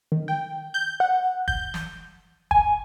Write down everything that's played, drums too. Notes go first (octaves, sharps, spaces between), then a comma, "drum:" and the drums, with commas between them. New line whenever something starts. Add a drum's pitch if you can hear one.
D#3
G5
G6
F#5
G6, drum: kick
drum: snare
G#5, drum: kick